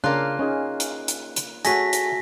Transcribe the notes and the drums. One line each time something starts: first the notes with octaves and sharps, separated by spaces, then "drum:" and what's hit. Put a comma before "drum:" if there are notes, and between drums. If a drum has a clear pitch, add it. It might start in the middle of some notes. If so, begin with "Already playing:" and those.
C#3 A#3 D4 F4 F#6
C#4 D#4 G#4
drum: hi-hat
drum: hi-hat
drum: hi-hat
A3 F#4 G#4 C#5 F#5 G#5 A#6 B6, drum: hi-hat
drum: hi-hat